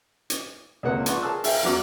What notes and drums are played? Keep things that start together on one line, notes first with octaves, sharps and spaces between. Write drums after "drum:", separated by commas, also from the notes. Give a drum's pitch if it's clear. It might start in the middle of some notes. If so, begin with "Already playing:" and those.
drum: hi-hat
C#2 C3 A#3 F#5
F3 D5 F#5 C#6, drum: hi-hat
G#4 A#4 A5 E6 F#6
E5 F5 G5, drum: open hi-hat
E2 F#3 D4 F#4 A#5 D6